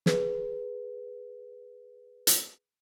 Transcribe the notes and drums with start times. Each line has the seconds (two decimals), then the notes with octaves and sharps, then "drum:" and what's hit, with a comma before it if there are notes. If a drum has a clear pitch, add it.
0.06 G#4 B4, drum: snare
2.27 drum: hi-hat